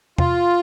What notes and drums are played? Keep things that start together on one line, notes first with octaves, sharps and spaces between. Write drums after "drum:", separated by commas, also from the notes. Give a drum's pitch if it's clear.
F4, drum: tom